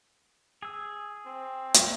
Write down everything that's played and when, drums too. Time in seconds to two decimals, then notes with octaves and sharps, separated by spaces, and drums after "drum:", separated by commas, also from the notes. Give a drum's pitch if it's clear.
0.62 G#4 E6
1.26 C4
1.74 drum: hi-hat